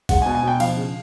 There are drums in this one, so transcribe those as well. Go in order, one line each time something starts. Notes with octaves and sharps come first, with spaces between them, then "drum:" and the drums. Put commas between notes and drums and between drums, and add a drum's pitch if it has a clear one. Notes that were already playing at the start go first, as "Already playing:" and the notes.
G#3 F#5, drum: kick G#1, cymbal
G#5
B2
G#5
B2 G5
F3 F5, drum: cymbal
C#3